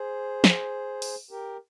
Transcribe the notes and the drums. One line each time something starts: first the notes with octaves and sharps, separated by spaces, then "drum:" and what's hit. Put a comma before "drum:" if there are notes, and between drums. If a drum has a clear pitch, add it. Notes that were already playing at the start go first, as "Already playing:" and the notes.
Already playing: G#4 C5
drum: snare
drum: open hi-hat
G4 A#4